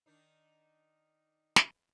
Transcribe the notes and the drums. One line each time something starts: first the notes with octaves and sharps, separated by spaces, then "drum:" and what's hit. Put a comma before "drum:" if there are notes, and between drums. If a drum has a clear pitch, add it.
D#3 D4 D#4
drum: snare